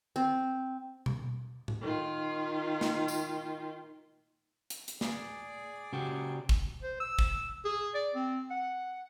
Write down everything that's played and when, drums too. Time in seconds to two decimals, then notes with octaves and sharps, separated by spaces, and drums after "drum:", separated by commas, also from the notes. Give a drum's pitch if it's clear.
0.16 C4
1.06 drum: tom B2
1.68 drum: tom A2
1.81 D#3 F4
2.81 drum: snare
3.08 drum: tambourine
4.70 drum: hi-hat
4.88 drum: hi-hat
5.01 G#4 D5, drum: snare
5.93 C#3 F#4 G4
6.49 drum: kick
6.83 C5
7.00 E6
7.19 drum: kick
7.65 G#4
7.94 D5
8.14 C4
8.50 F#5